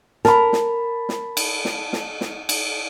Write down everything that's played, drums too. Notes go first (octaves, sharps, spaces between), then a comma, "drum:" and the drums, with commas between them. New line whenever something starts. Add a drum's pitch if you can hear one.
A#4 A5 B5, drum: snare
drum: snare
drum: snare
drum: cymbal
drum: snare
drum: snare
drum: snare
drum: cymbal